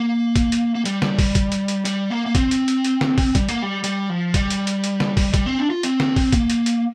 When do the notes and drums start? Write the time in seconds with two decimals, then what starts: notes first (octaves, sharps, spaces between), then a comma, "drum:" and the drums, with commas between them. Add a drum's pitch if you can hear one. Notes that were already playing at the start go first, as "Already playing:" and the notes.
Already playing: A#3
0.36 drum: kick, hi-hat
0.52 drum: hi-hat
0.75 A#3
0.85 G3, drum: hi-hat
1.02 drum: snare
1.19 drum: kick, open hi-hat
1.35 drum: kick, hi-hat
1.52 drum: hi-hat
1.68 drum: hi-hat
1.85 G3, drum: hi-hat
2.10 A#3
2.26 A#3
2.35 C4, drum: kick, hi-hat
2.51 drum: hi-hat
2.68 drum: hi-hat
2.84 drum: hi-hat
3.01 drum: snare
3.18 drum: kick, open hi-hat
3.35 G3, drum: kick, hi-hat
3.49 A#3, drum: hi-hat
3.62 G3
3.84 G3, drum: hi-hat
4.10 F3
4.34 G3, drum: kick, hi-hat
4.50 drum: hi-hat
4.67 drum: hi-hat
4.84 drum: hi-hat
5.00 drum: snare
5.17 drum: kick, open hi-hat
5.34 G3, drum: kick, hi-hat
5.46 C4
5.58 D4
5.70 F4
5.83 C4, drum: hi-hat
6.00 drum: snare
6.16 drum: kick, open hi-hat
6.32 A#3, drum: kick, hi-hat
6.50 drum: hi-hat
6.66 drum: hi-hat